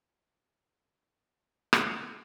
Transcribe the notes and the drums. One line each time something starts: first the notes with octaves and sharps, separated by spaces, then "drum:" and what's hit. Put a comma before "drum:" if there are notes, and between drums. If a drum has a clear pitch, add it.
D#2 A#2 F3 G3
drum: rim click